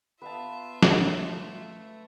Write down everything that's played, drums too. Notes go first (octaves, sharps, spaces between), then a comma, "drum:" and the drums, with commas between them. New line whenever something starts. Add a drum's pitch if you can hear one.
B3 F4 B4 E5 F5 A5
A3, drum: snare